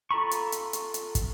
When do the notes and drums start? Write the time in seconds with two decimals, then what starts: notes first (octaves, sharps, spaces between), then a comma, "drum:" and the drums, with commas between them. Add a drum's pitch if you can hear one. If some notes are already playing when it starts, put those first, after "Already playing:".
0.11 F4 A4 A#5 B5 C#6
0.31 drum: hi-hat
0.52 drum: hi-hat
0.73 drum: hi-hat
0.94 drum: hi-hat
1.15 drum: kick, hi-hat